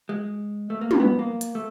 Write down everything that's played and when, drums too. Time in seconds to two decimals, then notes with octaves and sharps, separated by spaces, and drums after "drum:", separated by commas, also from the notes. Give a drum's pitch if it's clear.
0.09 G#3
0.70 A3
0.81 A#3
0.91 drum: tom
1.00 B3
1.19 A#3
1.41 drum: hi-hat
1.55 A3